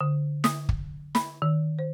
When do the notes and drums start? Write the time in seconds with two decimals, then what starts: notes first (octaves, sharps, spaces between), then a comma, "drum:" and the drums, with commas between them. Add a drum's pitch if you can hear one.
0.01 D3
0.44 D#6, drum: snare
0.69 drum: kick
1.15 B5, drum: snare
1.42 D#3
1.79 C5